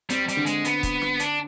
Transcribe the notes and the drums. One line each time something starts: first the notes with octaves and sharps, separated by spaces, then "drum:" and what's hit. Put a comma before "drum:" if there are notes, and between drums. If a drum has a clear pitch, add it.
G3 C4, drum: hi-hat
G3, drum: hi-hat
D3
G#3, drum: hi-hat
B3, drum: hi-hat
drum: kick, hi-hat
drum: snare
D4, drum: hi-hat